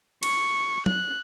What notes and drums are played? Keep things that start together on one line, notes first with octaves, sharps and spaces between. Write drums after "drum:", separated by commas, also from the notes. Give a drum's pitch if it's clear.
C#6, drum: cymbal
F#6, drum: tom F#3